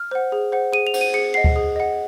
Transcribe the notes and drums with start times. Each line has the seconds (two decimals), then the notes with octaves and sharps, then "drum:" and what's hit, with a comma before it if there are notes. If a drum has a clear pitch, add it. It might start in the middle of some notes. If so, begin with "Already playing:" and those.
Already playing: F6
0.11 C5 F#5
0.32 G#4
0.52 C5 F#5
0.72 G#4 D#7
0.87 F7
0.94 C5 F#5, drum: cymbal
1.01 D#7
1.14 G#4 C#7
1.34 D#5 F#5 C7
1.44 drum: kick D2
1.56 G#4
1.76 D#5 F#5